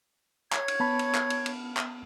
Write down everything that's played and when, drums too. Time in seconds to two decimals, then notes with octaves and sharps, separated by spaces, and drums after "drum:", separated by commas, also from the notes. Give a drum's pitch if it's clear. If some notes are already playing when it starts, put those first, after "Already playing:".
0.52 C#5 G#6, drum: clap
0.68 drum: cymbal
0.80 B3 A5 B5
0.99 drum: cymbal
1.15 drum: clap
1.30 drum: cymbal
1.46 drum: cymbal
1.77 drum: clap